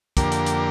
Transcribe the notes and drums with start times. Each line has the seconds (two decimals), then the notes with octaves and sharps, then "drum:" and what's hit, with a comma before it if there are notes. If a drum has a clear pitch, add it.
0.17 F2 D3 A#3 G4 A#4, drum: kick, hi-hat
0.32 drum: hi-hat
0.46 drum: hi-hat